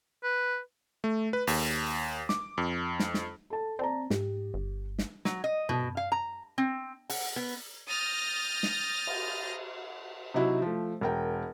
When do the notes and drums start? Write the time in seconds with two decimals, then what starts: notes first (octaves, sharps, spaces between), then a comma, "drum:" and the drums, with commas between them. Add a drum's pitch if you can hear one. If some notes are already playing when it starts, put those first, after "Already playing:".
0.24 B4
1.04 A3
1.33 B4
1.47 D#2, drum: open hi-hat
2.29 D6, drum: snare
2.58 F2
2.99 drum: snare
3.14 drum: snare
3.50 A4 A5
3.79 C4 D5 A5 A#5
4.10 G#2 G4, drum: snare
4.54 G1
4.99 drum: snare
5.25 F#3, drum: snare
5.44 D#5
5.69 B2, drum: tom
5.97 F5
6.12 A#5
6.58 C4
7.10 F#5, drum: open hi-hat
7.36 B3
7.89 D#6 F6 G6 A6 A#6
8.63 drum: snare
9.07 drum: cymbal
10.34 C3 F#3 D#4 E4 F#4
10.62 F3 A3
11.01 E1 A#4 G5